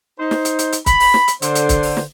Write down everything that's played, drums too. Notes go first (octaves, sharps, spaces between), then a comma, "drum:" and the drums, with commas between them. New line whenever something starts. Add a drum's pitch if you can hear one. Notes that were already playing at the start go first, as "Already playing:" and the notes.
D#4 C5
drum: snare
drum: hi-hat
drum: hi-hat
drum: hi-hat
B5, drum: kick, hi-hat
drum: open hi-hat
drum: snare
drum: hi-hat
D3 C5, drum: hi-hat
drum: hi-hat
drum: kick, hi-hat
drum: open hi-hat
drum: snare